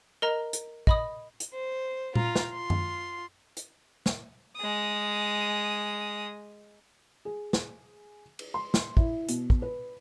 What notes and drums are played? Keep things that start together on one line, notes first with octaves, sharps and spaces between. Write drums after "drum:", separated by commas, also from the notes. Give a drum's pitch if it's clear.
A#4 D#5 A#5
drum: hi-hat
D#5 B5 D#6, drum: kick
drum: hi-hat
C5
F4 A#5, drum: tom A#2
drum: snare
F4 C6
drum: tom F#2
drum: hi-hat
drum: snare
G#3 D#6
G#4
drum: snare
drum: cymbal
C6
drum: snare
E4, drum: kick
B2, drum: hi-hat
drum: kick
B4